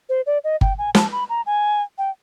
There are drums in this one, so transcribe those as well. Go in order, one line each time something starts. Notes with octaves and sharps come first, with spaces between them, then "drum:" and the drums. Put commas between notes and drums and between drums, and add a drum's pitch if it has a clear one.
C5
D5
D#5
G5, drum: kick G1
G#5
A5, drum: snare
B5
A#5
G#5
G5